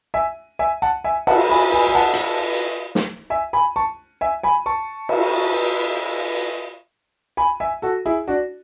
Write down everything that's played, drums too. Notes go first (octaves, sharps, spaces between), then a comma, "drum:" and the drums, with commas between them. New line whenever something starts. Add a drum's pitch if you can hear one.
E5 G#5
E5 G#5
F#5 A5
E5 G#5
F#5 A5, drum: cymbal
G#5 B5
G#5 B5
G#5
F#5 A5
drum: hi-hat
drum: snare
E5 G#5
G#5 B5
A5 C#6
E5 G#5
G#5 B5
A5 C#6
drum: cymbal
G#5 B5
E5 G#5
F#4 A4
E4 G#4
D4 F#4